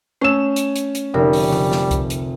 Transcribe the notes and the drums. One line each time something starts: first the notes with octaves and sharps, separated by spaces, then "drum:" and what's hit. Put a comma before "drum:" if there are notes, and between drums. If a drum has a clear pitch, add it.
A3 C#4 E6 E7
drum: hi-hat
drum: hi-hat
drum: hi-hat
F1 D3 G3 D#4 A#4
drum: open hi-hat
drum: tom C3
drum: snare
drum: kick C2, hi-hat
drum: hi-hat